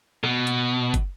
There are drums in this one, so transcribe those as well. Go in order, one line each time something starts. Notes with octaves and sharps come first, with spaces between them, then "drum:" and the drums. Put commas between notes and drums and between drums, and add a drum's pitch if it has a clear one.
B2, drum: rim click
drum: hi-hat
drum: kick, hi-hat